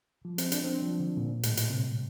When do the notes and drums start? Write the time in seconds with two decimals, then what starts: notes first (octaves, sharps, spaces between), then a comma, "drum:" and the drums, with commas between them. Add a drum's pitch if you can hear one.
0.25 F3
0.38 C4, drum: hi-hat
0.52 D4, drum: hi-hat
0.64 C4
0.82 F3
1.00 D3
1.17 A#2
1.43 A2, drum: hi-hat
1.57 drum: hi-hat
1.70 C3